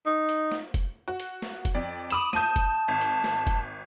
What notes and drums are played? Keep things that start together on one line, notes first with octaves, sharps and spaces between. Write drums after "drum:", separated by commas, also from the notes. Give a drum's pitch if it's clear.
D#4
drum: hi-hat
drum: snare
drum: kick F1, hi-hat
F#4
drum: hi-hat
drum: snare
drum: kick F1, hi-hat
F2 D5
B5 D6 D#6 E7, drum: hi-hat
A5 G6 D#7, drum: snare
drum: kick F1, hi-hat
G#1
drum: hi-hat
drum: snare
drum: kick F1, hi-hat